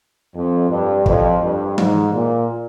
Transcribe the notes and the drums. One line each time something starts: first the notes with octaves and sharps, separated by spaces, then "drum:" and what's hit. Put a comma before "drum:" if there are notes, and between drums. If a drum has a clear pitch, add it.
F2
G2
F2, drum: kick
G2
G#2, drum: tom E3
A#2